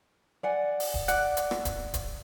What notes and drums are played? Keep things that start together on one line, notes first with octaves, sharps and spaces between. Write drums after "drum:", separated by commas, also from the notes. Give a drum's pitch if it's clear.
D5 F#5 G#5
drum: open hi-hat
drum: kick D1
D5 F#5, drum: hi-hat
drum: hi-hat
drum: rim click
drum: kick D1, hi-hat
drum: kick D1, hi-hat